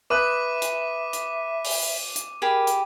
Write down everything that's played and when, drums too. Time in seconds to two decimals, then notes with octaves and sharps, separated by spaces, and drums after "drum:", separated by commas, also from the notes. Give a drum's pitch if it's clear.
0.10 B4 E5 D6 D#6 F#6 D#7
0.62 drum: hi-hat
1.13 drum: hi-hat
1.65 drum: open hi-hat
2.16 drum: hi-hat
2.42 G4 G#4 A#4 B5
2.67 drum: hi-hat